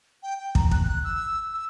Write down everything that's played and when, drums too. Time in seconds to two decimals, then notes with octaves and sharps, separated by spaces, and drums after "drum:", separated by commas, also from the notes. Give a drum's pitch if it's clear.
0.23 G5
0.39 G5
0.55 A#5, drum: kick
0.71 F#6, drum: kick
0.88 F#6
1.04 E6
1.54 E6